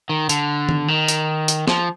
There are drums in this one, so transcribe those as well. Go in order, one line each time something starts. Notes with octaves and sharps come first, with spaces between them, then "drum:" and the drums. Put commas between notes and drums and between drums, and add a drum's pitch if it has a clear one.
D#3
D3, drum: hi-hat
drum: tom D#3
D#3
drum: hi-hat
drum: hi-hat
F3, drum: snare